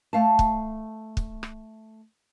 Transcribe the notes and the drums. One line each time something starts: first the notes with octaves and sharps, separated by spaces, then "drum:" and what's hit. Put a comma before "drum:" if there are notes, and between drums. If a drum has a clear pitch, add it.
A3 F5 A5
drum: kick
drum: kick
drum: rim click